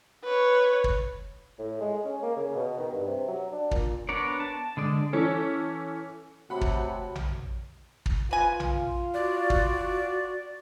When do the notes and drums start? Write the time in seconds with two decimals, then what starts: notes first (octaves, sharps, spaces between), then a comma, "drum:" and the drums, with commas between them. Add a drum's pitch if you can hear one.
0.24 B4 C#5
0.84 drum: kick
1.59 A2
1.81 G#3
2.05 C#4
2.23 A#3
2.37 C#3
2.56 B2
2.79 D#3
2.92 G2
3.08 C3
3.28 F#3
3.52 D4
3.71 A#2, drum: kick
4.09 B3 D4 A#4 C#5 D5
4.40 A5
4.77 D3 G#3 D5
5.13 E3 C#4 A4
6.50 C3 A3 F#4 C#5 F#5 A5 B5
6.61 drum: kick
7.15 drum: tom A#1
8.06 drum: kick
8.31 F4 B4 G#5
8.60 drum: tom A#1
9.14 F#4 D5
9.50 drum: kick